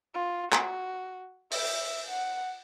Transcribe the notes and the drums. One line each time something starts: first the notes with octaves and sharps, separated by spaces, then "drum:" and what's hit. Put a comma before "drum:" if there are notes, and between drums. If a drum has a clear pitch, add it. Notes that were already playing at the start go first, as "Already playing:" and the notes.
F4
F#4, drum: clap
E5, drum: open hi-hat
F#5